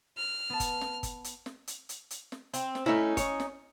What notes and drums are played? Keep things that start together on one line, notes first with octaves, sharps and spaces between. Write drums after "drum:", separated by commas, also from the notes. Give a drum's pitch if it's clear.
F6
B3 A5
drum: kick G1, hi-hat
drum: snare
drum: kick G1, hi-hat
drum: hi-hat
drum: snare
drum: hi-hat
drum: hi-hat
drum: hi-hat
drum: snare
C4, drum: hi-hat
drum: snare
A3 C#4 D#4 E4
C#5, drum: kick G1, hi-hat
drum: snare